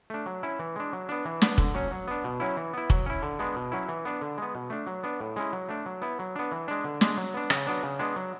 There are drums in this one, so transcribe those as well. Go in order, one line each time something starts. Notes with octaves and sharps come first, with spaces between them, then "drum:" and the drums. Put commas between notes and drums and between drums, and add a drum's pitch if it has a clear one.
A3 D4
F#3
C#4 E4
E3
G#3 D4
F#3
B3 D4
E3
B3 D4, drum: snare
D3, drum: kick
F#3 C#4
F#3
B3 D4
B2
F#3 C#4 E4
E3
B3 E4
F#3, drum: kick
C#4 E4
D3
G#3 B3 D4
B2
F#3 C#4 E4
E3
B3 D4
D3
G#3 B3
B2
A3 D4
F#3
B3 D4
A2
G#3 C#4 E4
F#3
A3 D4
F#3
B3 E4
F#3
B3 D4
E3
G#3 D4
D3
G#3 D4, drum: snare
F#3
B3 D4
C#3, drum: rim click
F#3 B3 D4
C#3
G#3 B3 D4
F#3